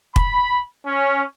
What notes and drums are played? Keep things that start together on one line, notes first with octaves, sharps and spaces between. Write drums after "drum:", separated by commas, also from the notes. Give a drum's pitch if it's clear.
B5, drum: kick
C#4